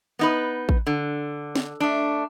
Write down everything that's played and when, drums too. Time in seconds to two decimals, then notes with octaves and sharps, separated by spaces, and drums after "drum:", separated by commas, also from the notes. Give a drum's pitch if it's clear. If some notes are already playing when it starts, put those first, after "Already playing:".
0.19 B3 D#4 B4
0.69 drum: kick A1
0.87 D3
1.55 drum: snare
1.80 A3 D4